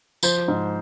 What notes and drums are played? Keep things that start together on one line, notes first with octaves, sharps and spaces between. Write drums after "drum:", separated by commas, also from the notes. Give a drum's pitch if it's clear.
F3 C5, drum: tambourine
G#2